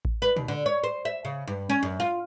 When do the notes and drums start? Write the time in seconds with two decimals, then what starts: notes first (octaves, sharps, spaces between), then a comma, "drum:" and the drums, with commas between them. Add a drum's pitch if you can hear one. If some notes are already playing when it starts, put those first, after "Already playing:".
0.05 drum: kick A1
0.22 B4
0.36 D#2, drum: tom A#2
0.48 D3
0.66 C#5
0.84 C5
1.05 E5
1.25 C#3
1.47 G2
1.70 C#4
1.83 F#2
2.00 F4